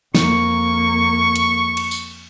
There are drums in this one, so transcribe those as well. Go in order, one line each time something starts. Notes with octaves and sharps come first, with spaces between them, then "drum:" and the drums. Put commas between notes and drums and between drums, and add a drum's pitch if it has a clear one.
F2 A#3 C#6, drum: snare
drum: hi-hat
drum: cymbal
drum: tambourine